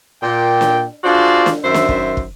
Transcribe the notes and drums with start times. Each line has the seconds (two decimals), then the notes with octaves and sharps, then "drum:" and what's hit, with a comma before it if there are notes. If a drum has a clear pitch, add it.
0.22 A#2 G5
0.61 drum: snare
1.03 D4 F4 F#4 G#4 C5 D5
1.46 drum: snare
1.64 F#2 D#3 C5 E5
1.74 drum: snare
1.89 drum: kick
2.17 drum: kick